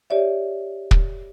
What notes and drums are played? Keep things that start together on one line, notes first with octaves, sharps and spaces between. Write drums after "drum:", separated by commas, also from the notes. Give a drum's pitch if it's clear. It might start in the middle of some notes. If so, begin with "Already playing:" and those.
G4 C#5 D5 E5
drum: kick